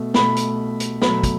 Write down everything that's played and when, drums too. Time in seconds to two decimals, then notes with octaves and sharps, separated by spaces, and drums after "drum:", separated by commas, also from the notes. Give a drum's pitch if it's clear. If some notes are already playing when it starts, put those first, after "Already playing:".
Already playing: B2 A3
0.14 B2 A3 B5, drum: snare
0.36 drum: hi-hat
0.80 drum: hi-hat
1.02 B2 F#3 A3 B5, drum: snare
1.24 drum: kick, hi-hat